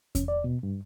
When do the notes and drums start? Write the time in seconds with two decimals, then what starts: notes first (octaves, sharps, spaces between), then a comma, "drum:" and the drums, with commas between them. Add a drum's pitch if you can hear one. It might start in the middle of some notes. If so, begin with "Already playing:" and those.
0.15 C#4, drum: kick E2, hi-hat
0.28 D5
0.44 B2
0.63 G2